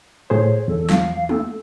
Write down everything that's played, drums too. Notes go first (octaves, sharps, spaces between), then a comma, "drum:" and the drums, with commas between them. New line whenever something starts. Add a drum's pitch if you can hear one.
A2 G#4 C5 C#5
E2 A4
F5, drum: snare
A4, drum: tom G#3